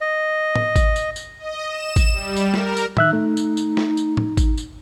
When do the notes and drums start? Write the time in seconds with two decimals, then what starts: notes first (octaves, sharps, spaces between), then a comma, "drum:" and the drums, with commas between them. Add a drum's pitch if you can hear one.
0.01 D#5
0.56 drum: tom
0.76 drum: kick G#1, tambourine
0.96 drum: tambourine
1.16 drum: tambourine
1.39 D#5
1.69 E7
1.96 drum: kick G#1, tambourine
2.12 G3
2.36 drum: tambourine
2.54 A#4, drum: snare
2.77 drum: tambourine
2.97 D#3 D#4 E5 F#6, drum: tom A2
3.13 A3
3.37 drum: tambourine
3.57 drum: tambourine
3.77 drum: snare
3.97 drum: tambourine
4.17 drum: tom A2
4.37 drum: kick G#1, tambourine
4.58 drum: tambourine